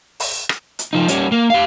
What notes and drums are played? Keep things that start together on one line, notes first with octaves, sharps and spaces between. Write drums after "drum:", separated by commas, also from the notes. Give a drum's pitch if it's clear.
drum: open hi-hat
drum: rim click
drum: hi-hat
F3 D#4
G3 C#4, drum: hi-hat
A#3
G4 F5